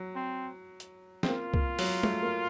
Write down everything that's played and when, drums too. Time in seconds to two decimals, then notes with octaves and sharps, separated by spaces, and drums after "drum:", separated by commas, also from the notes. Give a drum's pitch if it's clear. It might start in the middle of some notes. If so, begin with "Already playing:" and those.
Already playing: F#3
0.15 C4
0.80 drum: hi-hat
1.23 C4, drum: snare
1.28 A#3 F4
1.54 A#3, drum: kick
1.79 F#3, drum: open hi-hat
2.03 A3, drum: tom
2.23 A#3